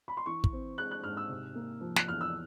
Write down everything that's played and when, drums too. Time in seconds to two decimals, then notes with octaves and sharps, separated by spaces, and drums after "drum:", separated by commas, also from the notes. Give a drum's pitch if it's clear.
0.08 B5
0.17 C6
0.26 E3 C#6
0.44 drum: kick
0.53 C4
0.78 G#3 F#6
0.91 F#6
1.04 G#2 F6
1.17 E6
1.29 C3
1.55 A#3
1.81 F3
1.96 F#6, drum: snare
2.08 E2 F6
2.21 E6